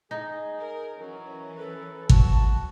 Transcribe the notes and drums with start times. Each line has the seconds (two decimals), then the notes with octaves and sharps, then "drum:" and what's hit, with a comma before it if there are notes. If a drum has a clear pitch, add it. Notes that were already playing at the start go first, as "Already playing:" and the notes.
0.11 D#4 G#4
0.57 A#4
0.99 E3 F#3 C#4 A#4
1.57 A4 B4
2.09 F#4 A5, drum: kick